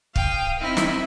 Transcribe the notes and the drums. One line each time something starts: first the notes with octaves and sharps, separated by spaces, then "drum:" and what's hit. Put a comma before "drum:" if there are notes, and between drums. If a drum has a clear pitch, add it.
F5 G5 D#6, drum: kick
C4 D#4 E4 E5 B5
drum: snare